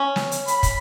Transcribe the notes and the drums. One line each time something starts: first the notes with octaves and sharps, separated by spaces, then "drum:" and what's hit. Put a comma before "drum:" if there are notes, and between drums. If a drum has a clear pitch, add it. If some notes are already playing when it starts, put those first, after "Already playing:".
Already playing: C#4
drum: snare
drum: hi-hat
B5, drum: hi-hat
drum: kick, hi-hat